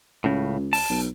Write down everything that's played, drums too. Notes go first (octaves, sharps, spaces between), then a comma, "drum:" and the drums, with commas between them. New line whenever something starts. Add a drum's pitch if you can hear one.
C#2 A2 C#3
A5, drum: open hi-hat
B1